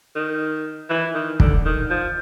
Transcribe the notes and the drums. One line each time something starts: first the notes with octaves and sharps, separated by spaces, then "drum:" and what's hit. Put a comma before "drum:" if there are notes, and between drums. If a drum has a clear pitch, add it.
D#3
E3
D#3
D3, drum: kick
D#3
F3